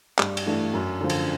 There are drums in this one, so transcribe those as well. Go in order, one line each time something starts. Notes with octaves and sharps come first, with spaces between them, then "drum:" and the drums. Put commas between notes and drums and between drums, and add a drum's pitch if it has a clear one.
G2, drum: clap
drum: cymbal
E3 A3 D4
F#2
D3 F3
drum: cymbal